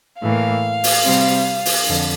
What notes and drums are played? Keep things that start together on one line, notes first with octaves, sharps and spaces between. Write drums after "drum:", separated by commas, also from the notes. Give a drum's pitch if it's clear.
A2 E3 A#3 F5
drum: open hi-hat
C3 G3 C4
drum: open hi-hat
F2 D3